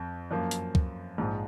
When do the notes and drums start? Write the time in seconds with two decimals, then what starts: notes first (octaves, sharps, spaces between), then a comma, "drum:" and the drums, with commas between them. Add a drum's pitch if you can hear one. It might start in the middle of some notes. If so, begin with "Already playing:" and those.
Already playing: F2
0.31 F#2 F3 A#3
0.51 drum: hi-hat
0.75 drum: kick
1.18 A#1 G#2 F3 G#3